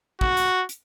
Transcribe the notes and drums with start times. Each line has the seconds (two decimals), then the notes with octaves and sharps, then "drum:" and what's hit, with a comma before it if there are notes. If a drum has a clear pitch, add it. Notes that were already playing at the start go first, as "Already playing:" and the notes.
0.21 F#4, drum: kick
0.37 drum: hi-hat
0.69 drum: hi-hat